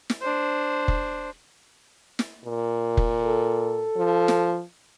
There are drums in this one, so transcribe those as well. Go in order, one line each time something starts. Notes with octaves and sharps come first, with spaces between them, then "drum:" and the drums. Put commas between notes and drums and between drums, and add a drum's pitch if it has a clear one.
drum: snare
D4 C5
drum: kick F1
drum: snare
A#2
drum: kick F1
A4
F3
drum: snare